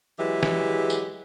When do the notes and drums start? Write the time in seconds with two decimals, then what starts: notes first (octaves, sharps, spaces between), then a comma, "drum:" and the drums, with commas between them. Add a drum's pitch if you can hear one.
0.19 E3 F#3 G#3 G4 G#4 E5
0.43 drum: snare
0.90 drum: tambourine